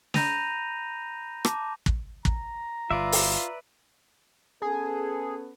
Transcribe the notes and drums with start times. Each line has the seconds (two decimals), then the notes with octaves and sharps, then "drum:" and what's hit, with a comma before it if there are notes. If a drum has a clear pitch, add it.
0.14 A#5 B5 G6 A#6 D#7 F7, drum: snare
1.45 A5 D6, drum: rim click
1.86 drum: kick
2.25 A#5, drum: kick
2.91 G1 F4 B4 D5 E5
3.12 drum: open hi-hat
4.62 B3 C#4 G#4 A4